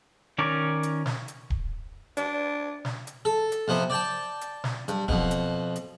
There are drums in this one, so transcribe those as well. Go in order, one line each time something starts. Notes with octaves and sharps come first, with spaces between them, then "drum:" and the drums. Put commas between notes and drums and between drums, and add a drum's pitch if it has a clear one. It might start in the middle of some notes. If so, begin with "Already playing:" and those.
D#3 C#4 A#4 D5
drum: hi-hat
drum: snare
drum: hi-hat
drum: kick D1
D4, drum: hi-hat
drum: snare
drum: hi-hat
A4
drum: hi-hat
F2 C3 B3
D5 G5 A5
drum: hi-hat
drum: snare
G2, drum: hi-hat
F2 B2, drum: kick D1
drum: hi-hat
drum: hi-hat